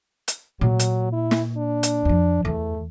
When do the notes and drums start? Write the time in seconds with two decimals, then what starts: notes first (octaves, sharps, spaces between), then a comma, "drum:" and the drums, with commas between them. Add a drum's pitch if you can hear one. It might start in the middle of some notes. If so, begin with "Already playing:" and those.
0.28 drum: hi-hat
0.61 A#2 F#3
0.79 drum: hi-hat
1.13 E4
1.31 drum: snare
1.57 D4
1.83 drum: hi-hat
2.05 F2 F3
2.45 E2 A3